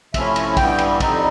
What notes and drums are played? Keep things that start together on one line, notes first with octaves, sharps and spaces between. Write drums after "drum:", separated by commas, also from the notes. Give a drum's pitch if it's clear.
C3 F3 A3 C#4 E4 E5, drum: kick, cymbal
drum: cymbal
G2 E3 G3 B3 G5, drum: kick, cymbal
drum: cymbal
F2 D3 G3 C4 D#4, drum: kick, cymbal